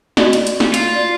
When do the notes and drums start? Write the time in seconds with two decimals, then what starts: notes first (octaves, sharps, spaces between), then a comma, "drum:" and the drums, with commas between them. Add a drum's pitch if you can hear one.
0.17 F#4 D5 D#5, drum: snare
0.33 drum: hi-hat
0.47 drum: hi-hat
0.60 drum: snare
0.74 F4, drum: hi-hat
0.95 D5